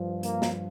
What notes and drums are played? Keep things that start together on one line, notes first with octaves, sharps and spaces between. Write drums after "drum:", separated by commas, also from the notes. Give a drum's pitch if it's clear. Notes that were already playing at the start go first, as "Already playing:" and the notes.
Already playing: G2 F3
A#3, drum: hi-hat
drum: snare